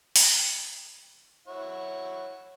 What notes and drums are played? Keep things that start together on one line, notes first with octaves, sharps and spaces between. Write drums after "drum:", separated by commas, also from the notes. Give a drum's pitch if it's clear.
drum: open hi-hat
E4 C#5 F#5